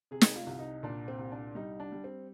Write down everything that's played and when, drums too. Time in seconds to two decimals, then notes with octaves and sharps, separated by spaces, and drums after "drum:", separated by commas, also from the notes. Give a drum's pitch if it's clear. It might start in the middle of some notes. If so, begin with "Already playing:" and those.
0.11 C3 G#4
0.21 drum: snare
0.36 F4
0.47 C2
0.59 D#4
0.83 A#2 D4
1.08 C4
1.19 C2
1.32 D4
1.55 G3 D#4
1.80 D4
1.92 G3
2.04 C4